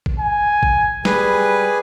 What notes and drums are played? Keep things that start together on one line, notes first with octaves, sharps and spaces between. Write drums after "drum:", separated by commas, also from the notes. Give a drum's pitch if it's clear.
drum: kick A1
G#5
drum: kick A1
G3 G#4 B4 G#5, drum: snare